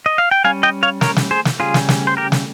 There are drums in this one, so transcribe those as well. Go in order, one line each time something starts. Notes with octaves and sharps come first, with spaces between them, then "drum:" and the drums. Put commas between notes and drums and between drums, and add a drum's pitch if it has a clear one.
D#5
F5
G5
G3 C#4 F5 G#5
D#5 G5
C#5 F5
A#4 C#5, drum: snare
drum: snare
G#4 C5
drum: snare
C#3 G3 C#4 F4 G#4
drum: snare
drum: snare
C5
G4 A#4
drum: snare